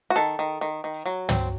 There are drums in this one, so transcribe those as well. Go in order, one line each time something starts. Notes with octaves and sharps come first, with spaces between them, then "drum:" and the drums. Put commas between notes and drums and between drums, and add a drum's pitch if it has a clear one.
F#4
D#3 A4
D#3
D#3
D#3
F#3
C4, drum: tom